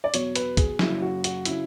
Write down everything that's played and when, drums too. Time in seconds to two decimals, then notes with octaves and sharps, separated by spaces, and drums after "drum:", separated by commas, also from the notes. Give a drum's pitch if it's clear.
0.04 D5
0.14 E2 B2 F#3 C#5, drum: hi-hat
0.36 B4, drum: hi-hat
0.57 G#4, drum: kick, hi-hat
0.79 F#1 F#2 C#3 F#3 E4, drum: snare
1.02 F#4
1.24 F#4, drum: hi-hat
1.45 C#3 F#3 E4, drum: hi-hat